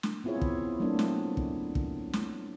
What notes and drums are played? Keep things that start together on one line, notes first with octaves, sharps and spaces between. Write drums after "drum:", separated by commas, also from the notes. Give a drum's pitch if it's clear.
drum: snare
B3 C4 E4 F4 G#4 C#5
drum: kick
F#3 A3 A#3 C4 D4
drum: snare
drum: kick
drum: kick
drum: snare